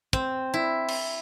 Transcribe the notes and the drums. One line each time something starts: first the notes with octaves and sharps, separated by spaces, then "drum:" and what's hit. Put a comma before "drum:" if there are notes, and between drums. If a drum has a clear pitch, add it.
C4, drum: kick
E4
drum: cymbal